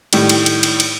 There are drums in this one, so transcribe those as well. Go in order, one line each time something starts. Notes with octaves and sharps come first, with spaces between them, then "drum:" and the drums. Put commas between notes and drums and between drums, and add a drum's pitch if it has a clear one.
A2 D#3 G3, drum: cymbal
drum: cymbal
drum: cymbal
drum: cymbal
drum: cymbal